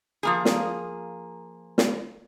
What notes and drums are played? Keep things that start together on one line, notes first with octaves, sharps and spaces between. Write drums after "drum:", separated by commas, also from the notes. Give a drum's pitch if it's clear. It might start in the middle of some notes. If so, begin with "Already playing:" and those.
F3 A#3 G#4
drum: snare
drum: snare